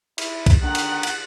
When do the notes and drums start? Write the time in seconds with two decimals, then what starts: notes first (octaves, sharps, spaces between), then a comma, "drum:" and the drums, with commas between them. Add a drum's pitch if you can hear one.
0.18 E4, drum: cymbal
0.46 drum: kick, cymbal
0.62 D3 D#3 F#5
0.75 drum: cymbal
1.03 drum: cymbal